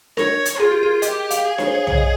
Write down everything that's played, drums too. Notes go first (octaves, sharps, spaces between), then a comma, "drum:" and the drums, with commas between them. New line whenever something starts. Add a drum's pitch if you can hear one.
A#4 C#5, drum: snare D4
drum: hi-hat
F4 G#4
G4
G#4
G4 D#5, drum: hi-hat
F5, drum: hi-hat
G#4
C#5, drum: snare D4
C5
C#5
C#5, drum: tom
D#5